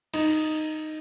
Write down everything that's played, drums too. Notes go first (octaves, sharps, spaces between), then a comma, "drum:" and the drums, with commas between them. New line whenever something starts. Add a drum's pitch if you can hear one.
D#4, drum: cymbal